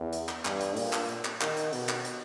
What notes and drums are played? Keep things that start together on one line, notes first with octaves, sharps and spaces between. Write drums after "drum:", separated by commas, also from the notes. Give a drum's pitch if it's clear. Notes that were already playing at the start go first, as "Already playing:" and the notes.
Already playing: E2
drum: hi-hat
drum: clap
G2, drum: clap
drum: hi-hat
A#2, drum: open hi-hat
drum: clap
drum: hi-hat
drum: clap
D#3, drum: clap
drum: hi-hat
B2, drum: open hi-hat
drum: clap
drum: hi-hat